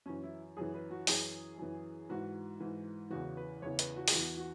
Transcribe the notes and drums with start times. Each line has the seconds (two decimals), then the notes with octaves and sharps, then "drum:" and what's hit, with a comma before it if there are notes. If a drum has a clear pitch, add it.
0.06 F#2 E3 C#4
0.23 E4
0.57 F#2 E3 G#4
0.74 B4
0.91 F#4
1.07 F#2 E3 G#4, drum: open hi-hat
1.58 F#2 E3
2.09 G#2 E3 F#4
2.60 G#2 E3
3.10 E2 C#3 E3 F#4
3.37 B4
3.62 E2 C#3 E3 C#5
3.79 B4, drum: hi-hat
3.96 F#4
4.08 G#4, drum: open hi-hat
4.12 E2 E3 F#4
4.37 F#4